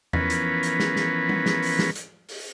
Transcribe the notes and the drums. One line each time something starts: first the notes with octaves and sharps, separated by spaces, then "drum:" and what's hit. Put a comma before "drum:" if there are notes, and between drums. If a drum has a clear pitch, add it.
E3 F3 B3 C#4 A#4 B4, drum: tom E2
drum: hi-hat
drum: hi-hat
drum: snare
drum: snare
drum: tom G3
drum: snare
drum: open hi-hat
drum: snare
drum: hi-hat
drum: open hi-hat